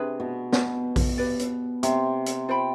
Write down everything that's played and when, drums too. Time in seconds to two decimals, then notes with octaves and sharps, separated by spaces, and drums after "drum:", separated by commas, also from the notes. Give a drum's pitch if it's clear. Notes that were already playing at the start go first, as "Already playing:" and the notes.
Already playing: C3 D4 G#4 B4
0.20 B2
0.53 B2, drum: snare B3
0.96 drum: kick A#1, open hi-hat
1.18 G4 B4 D5
1.39 drum: hi-hat
1.83 C3, drum: hi-hat
2.26 drum: hi-hat
2.49 F4 C5 G5 B5